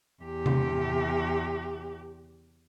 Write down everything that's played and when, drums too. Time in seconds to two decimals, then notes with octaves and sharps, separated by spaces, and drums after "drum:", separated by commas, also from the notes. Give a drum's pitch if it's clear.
0.22 E2 G4
0.46 drum: tom C3